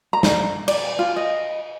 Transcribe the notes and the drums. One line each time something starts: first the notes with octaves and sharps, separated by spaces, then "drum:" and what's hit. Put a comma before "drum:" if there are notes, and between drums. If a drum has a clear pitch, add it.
A#5
drum: snare
D5, drum: cymbal
F4
D#5